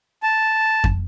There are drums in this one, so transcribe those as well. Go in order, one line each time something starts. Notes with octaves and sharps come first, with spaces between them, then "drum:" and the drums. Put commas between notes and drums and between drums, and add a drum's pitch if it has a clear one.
A5
drum: kick F2